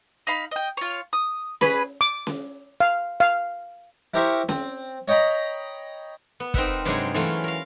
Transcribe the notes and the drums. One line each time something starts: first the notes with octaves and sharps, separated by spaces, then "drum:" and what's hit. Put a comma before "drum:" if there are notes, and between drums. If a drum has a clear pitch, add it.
D#4 F5 B5
D#5 G5
F4 C#5
D#6
C#4 G#4 B4, drum: snare C#4
D6
drum: snare C#4
F5
F5
E4 G4 A#4 C5 E5 C#6
C4, drum: snare C#4
C#5 D#5 G5 A#5 B5, drum: hi-hat
B3
C4 D#4 A#4 B4 E5 F#5, drum: kick
G2 C3 F#3 G#3 G#5, drum: hi-hat
E3 F#3 A3 C#4 E4 F4
A#4 F5